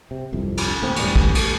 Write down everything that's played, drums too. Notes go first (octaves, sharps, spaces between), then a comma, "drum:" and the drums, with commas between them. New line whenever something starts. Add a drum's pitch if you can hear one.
C3
G1 C2 F2
drum: cymbal
D#1 A3 A#3 C4
E1 A2 E3 G3, drum: cymbal
drum: kick
drum: cymbal